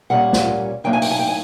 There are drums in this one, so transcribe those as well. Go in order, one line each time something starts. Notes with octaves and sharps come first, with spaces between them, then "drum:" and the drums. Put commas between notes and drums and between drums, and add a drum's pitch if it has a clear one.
A#2 G3 A#3 C#4 F#5
drum: snare
A2 F#3 A#3 D#4 G5
G#5
G5, drum: open hi-hat
G#5
G5
G#5